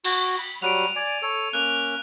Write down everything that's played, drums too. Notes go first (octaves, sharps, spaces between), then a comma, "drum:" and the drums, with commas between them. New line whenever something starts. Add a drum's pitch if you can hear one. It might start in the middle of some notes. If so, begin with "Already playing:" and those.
F#4, drum: cymbal
B5
F#3 G3 F#5 D7 D#7 F7
D5 G#5
A4 C#5
A#3 C#4 F#6 F7